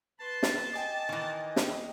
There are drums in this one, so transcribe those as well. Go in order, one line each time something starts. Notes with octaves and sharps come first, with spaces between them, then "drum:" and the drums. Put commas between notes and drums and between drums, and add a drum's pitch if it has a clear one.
B4 A5 C6
drum: snare
D#5 G5 G#5 D6
D#3 E3
drum: snare